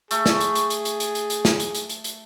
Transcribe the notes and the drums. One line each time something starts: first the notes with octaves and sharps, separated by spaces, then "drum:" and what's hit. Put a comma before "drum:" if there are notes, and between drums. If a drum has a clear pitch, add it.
A3 G#4, drum: hi-hat
drum: snare
drum: hi-hat
drum: hi-hat
drum: hi-hat
drum: hi-hat
drum: hi-hat
drum: hi-hat
drum: hi-hat
drum: snare
drum: hi-hat
drum: hi-hat
drum: hi-hat
drum: hi-hat